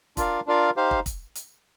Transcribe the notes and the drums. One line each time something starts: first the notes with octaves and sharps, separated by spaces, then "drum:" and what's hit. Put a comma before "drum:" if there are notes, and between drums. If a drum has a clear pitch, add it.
D4 F4 A#4 D5 F5, drum: kick, hi-hat
D4 F4 A#4 D5 F5
D#4 G4 C5 F5
drum: kick
drum: kick, hi-hat
drum: hi-hat